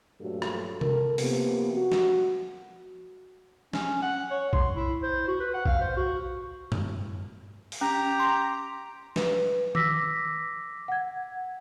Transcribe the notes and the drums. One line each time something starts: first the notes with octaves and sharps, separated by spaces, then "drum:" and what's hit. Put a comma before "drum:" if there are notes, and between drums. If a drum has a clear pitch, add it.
G2 A#2 F#3 A3 A4
drum: rim click
A4 A#4, drum: tom C3
C3 F3 A#3 B3, drum: open hi-hat
F#4
drum: snare
C#4, drum: snare
F#5
C#5
C6, drum: kick A#1
E4
C5
F#4
B4
F#5
F5, drum: kick A#1
C5
F#4
drum: tom F#2
drum: open hi-hat
C#4 G4 A#5
C6
B4, drum: snare
D6 E6 A#6 B6, drum: tom D#3
F#5 G#6